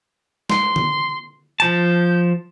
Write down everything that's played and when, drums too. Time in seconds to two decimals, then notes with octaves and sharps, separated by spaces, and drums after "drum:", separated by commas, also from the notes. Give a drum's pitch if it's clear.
0.50 C6, drum: snare
0.76 drum: tom D3
1.60 F3 A5 G6